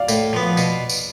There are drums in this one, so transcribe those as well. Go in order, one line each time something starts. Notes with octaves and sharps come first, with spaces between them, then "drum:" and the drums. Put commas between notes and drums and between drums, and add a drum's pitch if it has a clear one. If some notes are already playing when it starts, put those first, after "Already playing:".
Already playing: D5 F5
A2, drum: tambourine
F3 B3
B2, drum: tambourine
drum: tambourine